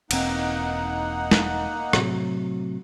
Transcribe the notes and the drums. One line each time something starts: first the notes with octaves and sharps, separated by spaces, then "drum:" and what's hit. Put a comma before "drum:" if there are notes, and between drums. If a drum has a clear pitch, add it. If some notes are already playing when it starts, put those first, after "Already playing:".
E1 A#3 C4 D#4 F#5, drum: cymbal
drum: snare
A2 C3 F#3, drum: rim click